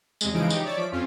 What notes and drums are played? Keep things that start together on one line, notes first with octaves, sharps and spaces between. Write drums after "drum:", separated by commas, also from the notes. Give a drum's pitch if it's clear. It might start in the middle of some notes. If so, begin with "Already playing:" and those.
E2 C3 G#3, drum: tambourine
C#3 E3 F3 G#3 D#4 D7
D#4 G4, drum: tambourine
C#5 D5 E5 A6
F3 B6 D7
F2 C4 C#4 F4